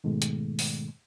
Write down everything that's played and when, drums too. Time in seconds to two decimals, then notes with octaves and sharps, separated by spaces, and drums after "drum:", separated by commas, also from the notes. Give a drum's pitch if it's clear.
0.04 G#2 B2 D#3 G#3 A3
0.22 drum: hi-hat
0.59 drum: open hi-hat